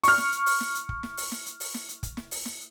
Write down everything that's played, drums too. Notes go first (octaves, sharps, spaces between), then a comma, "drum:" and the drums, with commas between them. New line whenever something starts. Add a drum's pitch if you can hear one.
C#6 F6, drum: open hi-hat
drum: snare
drum: hi-hat
drum: open hi-hat
drum: snare
drum: hi-hat
drum: kick
drum: snare
drum: open hi-hat
drum: snare
drum: hi-hat
drum: open hi-hat
drum: snare
drum: hi-hat
drum: kick, hi-hat
drum: snare
drum: open hi-hat
drum: snare